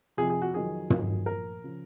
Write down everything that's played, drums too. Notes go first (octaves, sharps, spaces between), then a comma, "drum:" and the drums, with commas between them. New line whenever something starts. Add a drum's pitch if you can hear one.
F2 C3 F3 G#4
G#4
F#4
F2 D#3 F#3 G#4
F2 D#3 F#3, drum: tom
A#2 F3 A#4
C#3 F3